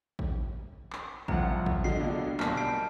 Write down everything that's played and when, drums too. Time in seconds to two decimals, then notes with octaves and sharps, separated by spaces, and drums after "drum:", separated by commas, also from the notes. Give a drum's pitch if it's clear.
0.19 drum: kick A1
0.93 drum: clap
1.28 C2 F3 F#5 A#5, drum: kick A1
1.66 drum: kick A1
1.84 D3 F#3 D#5 C7
2.00 C#2 B2 D4
2.40 B1 G2 A#4 A5 F6, drum: clap
2.57 G6 C7 D7